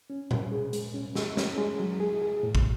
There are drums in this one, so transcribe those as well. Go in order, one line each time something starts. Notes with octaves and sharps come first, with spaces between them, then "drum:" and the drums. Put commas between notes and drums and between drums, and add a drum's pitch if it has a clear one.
C#4
C#4, drum: tom A#2
G#4
G#3, drum: hi-hat
C#4
G#3, drum: snare
C#4, drum: snare
G#3
F#3
G#4
G#4
A2
drum: kick